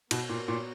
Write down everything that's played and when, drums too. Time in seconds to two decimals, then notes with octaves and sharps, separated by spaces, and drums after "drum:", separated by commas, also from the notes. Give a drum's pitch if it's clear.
0.11 B2 B3 F#4 A#4 C#5, drum: cymbal
0.29 A#2
0.48 A#2